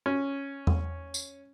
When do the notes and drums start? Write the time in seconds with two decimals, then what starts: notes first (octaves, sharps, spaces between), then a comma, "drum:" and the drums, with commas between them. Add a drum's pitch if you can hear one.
0.06 C#4
0.67 drum: tom E2
1.14 drum: tambourine